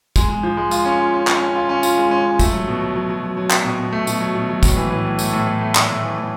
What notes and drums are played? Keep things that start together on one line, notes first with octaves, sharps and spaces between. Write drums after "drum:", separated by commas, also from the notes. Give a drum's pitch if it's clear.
G#3, drum: kick, tambourine
G#3
F3
G#3
F4, drum: tambourine
C#4
F4
C#4
C#4, drum: clap
C#4
F4
C#4
F4, drum: tambourine
G#3
C#4
C#4
A3, drum: kick, tambourine
F#3
B2
F#3
F#3
F#3
F#3
F#3
F#3, drum: clap
B2
B2
A3
B2, drum: tambourine
F#3
B2
F#3
A2, drum: kick, tambourine
E3
E3
A2
A3, drum: tambourine
A2
A2
A3
A3, drum: clap
A2
E3
A2